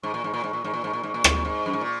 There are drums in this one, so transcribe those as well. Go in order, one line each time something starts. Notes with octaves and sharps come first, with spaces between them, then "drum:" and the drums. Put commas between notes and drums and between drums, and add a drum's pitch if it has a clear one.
G#2 C#6
A#2
G#2
A#2
G#2
A#2
G#2
A#2
G#2
A#2
G#2
A#2
G#2, drum: rim click
A#2
G#2
F#2
G#2
A#2